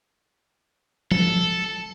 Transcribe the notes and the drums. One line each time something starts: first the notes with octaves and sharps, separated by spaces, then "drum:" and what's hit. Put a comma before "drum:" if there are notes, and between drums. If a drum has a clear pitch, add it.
A4, drum: tom F3